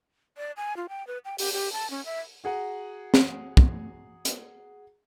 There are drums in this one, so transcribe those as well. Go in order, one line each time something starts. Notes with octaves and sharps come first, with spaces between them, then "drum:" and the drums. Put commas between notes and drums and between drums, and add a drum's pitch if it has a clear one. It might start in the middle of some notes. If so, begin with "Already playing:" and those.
D5
G#5
F4
G5
B4
G5
G4, drum: open hi-hat
G4
A5
C#4
E5
F#4 G#4 F#5 A#5
drum: snare
drum: kick
drum: hi-hat